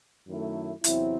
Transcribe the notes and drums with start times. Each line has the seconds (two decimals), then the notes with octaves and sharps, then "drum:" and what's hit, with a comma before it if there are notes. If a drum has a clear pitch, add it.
0.28 F#2 D#3 A3 E4
0.84 E2 C3 F#3 C4 E4, drum: hi-hat